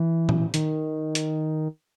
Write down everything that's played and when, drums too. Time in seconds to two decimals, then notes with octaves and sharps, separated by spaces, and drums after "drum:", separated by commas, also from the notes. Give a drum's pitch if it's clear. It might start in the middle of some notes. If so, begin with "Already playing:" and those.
Already playing: E3
0.29 drum: tom
0.54 D#3, drum: hi-hat
1.15 drum: hi-hat